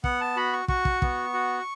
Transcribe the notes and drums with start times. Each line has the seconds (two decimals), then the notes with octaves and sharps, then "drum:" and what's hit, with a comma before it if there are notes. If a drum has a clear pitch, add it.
0.04 B3 F#5, drum: kick
0.21 A5
0.36 F#4 B5
0.53 C#6
0.68 F#4 C#6, drum: kick
0.85 drum: kick
1.02 B3, drum: kick
1.34 F#4